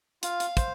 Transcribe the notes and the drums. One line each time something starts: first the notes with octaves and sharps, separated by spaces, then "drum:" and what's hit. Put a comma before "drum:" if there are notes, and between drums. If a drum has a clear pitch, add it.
F4 F5, drum: hi-hat
drum: hi-hat
C5, drum: kick, hi-hat